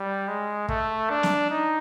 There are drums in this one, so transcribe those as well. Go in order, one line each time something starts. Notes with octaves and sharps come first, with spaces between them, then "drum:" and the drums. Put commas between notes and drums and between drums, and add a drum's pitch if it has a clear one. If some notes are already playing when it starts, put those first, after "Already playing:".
Already playing: G3
G#3
A3, drum: kick
D4
drum: snare
D#4